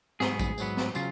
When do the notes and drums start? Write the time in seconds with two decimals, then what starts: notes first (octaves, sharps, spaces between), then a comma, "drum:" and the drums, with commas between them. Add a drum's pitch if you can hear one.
0.20 G#2 F#3 B3 G#4, drum: snare
0.40 drum: kick A1, tambourine
0.58 G#2 F#3 B3, drum: tambourine
0.77 drum: snare
0.95 C#3 F#3 F4, drum: tambourine